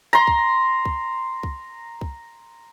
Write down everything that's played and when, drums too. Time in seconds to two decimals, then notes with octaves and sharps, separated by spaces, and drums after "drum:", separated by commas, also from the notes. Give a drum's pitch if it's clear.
0.13 A#5 C6
0.27 drum: kick C2
0.85 drum: kick C2
1.43 drum: kick C2
2.01 drum: kick C2